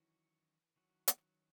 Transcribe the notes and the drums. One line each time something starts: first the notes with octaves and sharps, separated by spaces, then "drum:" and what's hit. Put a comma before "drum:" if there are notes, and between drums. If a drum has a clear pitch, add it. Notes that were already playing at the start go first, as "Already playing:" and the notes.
Already playing: D#3 E3 F#3 C#4 F#4
D#3 F#3 C#4 F#4
drum: hi-hat